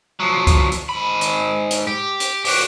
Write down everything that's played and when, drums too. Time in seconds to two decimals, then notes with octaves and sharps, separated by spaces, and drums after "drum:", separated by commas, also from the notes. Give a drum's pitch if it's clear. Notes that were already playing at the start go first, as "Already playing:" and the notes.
0.20 F3 F#3
0.47 drum: kick C2, hi-hat
0.72 drum: hi-hat
0.89 G#2 B5
1.21 drum: hi-hat
1.71 drum: hi-hat
1.87 G4
2.20 drum: hi-hat
2.45 F#4 G4, drum: open hi-hat